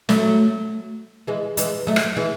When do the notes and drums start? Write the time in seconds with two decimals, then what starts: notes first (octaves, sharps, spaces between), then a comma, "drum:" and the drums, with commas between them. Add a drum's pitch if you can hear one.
0.09 F#3 A3, drum: snare
1.27 E3 G#3
1.57 E3 G#3, drum: hi-hat
1.87 F#3 A3
1.96 drum: rim click
2.17 E3 G#3